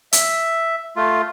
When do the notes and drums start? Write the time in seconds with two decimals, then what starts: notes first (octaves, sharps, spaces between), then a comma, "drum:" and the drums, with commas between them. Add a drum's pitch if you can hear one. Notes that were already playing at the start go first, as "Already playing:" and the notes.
0.13 E5, drum: hi-hat
0.96 A3 F4